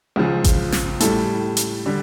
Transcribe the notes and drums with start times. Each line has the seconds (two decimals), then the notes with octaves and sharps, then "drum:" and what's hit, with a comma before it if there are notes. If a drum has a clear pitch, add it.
0.16 C#2 C#3 F3
0.44 drum: kick G#1, hi-hat
0.72 drum: snare
1.00 A2 G3 A4, drum: hi-hat
1.57 drum: hi-hat
1.86 D3 G3